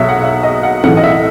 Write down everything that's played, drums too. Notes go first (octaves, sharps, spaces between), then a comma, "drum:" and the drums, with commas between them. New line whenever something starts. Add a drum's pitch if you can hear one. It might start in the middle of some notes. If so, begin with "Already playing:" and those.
Already playing: B1 B2 F#3 C#5 E5
F#5
E5
D#5
F#5
B1 A2 E3 F#5, drum: tom C4
D#5
E5